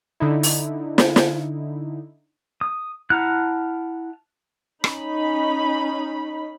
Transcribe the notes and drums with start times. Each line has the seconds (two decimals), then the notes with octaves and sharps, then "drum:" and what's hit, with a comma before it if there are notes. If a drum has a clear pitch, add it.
0.20 D3 D#4 E4
0.43 drum: open hi-hat
0.98 drum: snare
1.16 drum: snare
2.61 D#6
3.10 E4 F#5 A5 A#5 F6 F#6
4.84 C#4 D#4 B5, drum: rim click